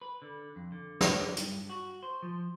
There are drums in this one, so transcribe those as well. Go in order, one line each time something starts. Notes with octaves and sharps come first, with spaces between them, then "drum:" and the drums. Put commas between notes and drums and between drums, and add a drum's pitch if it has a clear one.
B4
D3
F2
D3
A2, drum: snare
D3
G2, drum: hi-hat
F#4
C5
F3